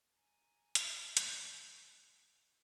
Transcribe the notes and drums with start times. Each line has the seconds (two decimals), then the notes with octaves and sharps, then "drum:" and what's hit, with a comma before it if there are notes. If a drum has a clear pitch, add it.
0.15 G#5 A#5
0.75 drum: hi-hat
1.17 drum: hi-hat